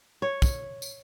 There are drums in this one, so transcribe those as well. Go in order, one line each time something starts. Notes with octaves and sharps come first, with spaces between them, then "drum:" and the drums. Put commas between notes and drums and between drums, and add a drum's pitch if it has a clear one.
C#5
drum: kick, tambourine
drum: tambourine